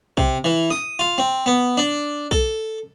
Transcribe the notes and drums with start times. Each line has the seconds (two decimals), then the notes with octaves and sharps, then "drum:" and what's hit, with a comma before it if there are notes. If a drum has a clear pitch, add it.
0.17 C3, drum: kick B1
0.44 E3
0.70 D#6, drum: snare
0.99 F4
1.18 C4
1.46 B3
1.77 D4
2.31 A4, drum: kick B1